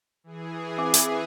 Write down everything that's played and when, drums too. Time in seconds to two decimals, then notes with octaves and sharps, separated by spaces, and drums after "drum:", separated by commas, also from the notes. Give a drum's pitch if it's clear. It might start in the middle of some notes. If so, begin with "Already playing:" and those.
0.24 E3 G#4
0.78 C4 E5 D6
0.94 drum: hi-hat